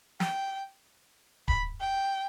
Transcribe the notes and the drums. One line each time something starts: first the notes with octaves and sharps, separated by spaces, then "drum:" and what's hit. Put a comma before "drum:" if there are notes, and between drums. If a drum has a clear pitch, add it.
G5, drum: snare
B5, drum: kick D1
G5